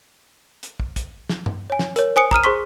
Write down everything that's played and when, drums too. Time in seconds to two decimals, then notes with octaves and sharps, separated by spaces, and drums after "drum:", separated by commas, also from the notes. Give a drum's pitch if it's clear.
0.63 drum: hi-hat
0.80 drum: kick
0.96 drum: kick, hi-hat
1.29 drum: snare
1.46 drum: tom G2
1.70 C#5 G#5
1.79 drum: snare
1.96 A#4 C#5, drum: hi-hat
2.16 C5 G#5 D#6 C#7
2.31 A#5 D#6 F6 D#7, drum: kick
2.44 G#4 C5 C6 C#6 B6